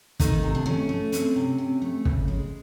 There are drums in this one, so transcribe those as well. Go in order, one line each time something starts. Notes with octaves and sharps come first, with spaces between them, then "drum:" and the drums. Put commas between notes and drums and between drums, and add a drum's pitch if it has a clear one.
D#3 A3 D#4, drum: kick, hi-hat
C3
D4
A3 C#4
A3
C4, drum: hi-hat
C3
C3
A3
C#3, drum: kick
G#3